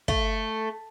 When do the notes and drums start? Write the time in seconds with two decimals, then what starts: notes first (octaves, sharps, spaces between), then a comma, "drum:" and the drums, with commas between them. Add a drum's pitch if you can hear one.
0.08 A3, drum: kick